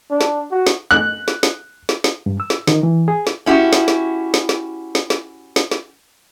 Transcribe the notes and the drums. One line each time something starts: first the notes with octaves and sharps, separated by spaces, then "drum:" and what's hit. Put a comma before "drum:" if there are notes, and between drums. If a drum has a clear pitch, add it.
D4
drum: snare
F#4
drum: snare
F#6
drum: snare
drum: snare
drum: snare
drum: snare
G2
E6
drum: snare
D#3, drum: snare
E3
G#4
drum: snare
C#4 E4 F#4 G4
drum: snare
drum: snare
drum: snare
drum: snare
drum: snare
drum: snare
drum: snare
drum: snare